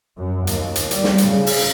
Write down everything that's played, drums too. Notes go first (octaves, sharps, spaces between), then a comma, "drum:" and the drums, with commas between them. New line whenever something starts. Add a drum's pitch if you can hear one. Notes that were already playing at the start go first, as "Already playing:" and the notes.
F#2
D#2, drum: hi-hat
drum: hi-hat
G3, drum: hi-hat
drum: snare
drum: hi-hat
C#3
drum: open hi-hat